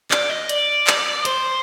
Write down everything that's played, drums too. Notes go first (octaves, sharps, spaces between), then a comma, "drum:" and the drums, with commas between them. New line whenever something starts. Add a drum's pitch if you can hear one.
D5, drum: clap
D#5
D5, drum: hi-hat
drum: clap
C5, drum: hi-hat